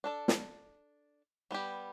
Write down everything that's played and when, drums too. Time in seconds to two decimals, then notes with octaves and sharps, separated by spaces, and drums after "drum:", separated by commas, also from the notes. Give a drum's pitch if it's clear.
0.04 D4 A4 D5
0.28 drum: snare
1.51 G3 B3 G4